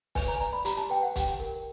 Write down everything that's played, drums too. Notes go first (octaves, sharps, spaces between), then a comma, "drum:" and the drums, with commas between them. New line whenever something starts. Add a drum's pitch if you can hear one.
B4 G#5, drum: kick, open hi-hat
A#5
D5 A#5
B5
G4 A#5, drum: hi-hat
A5
B4 G5
F#5
G4 G5, drum: kick, hi-hat
A#4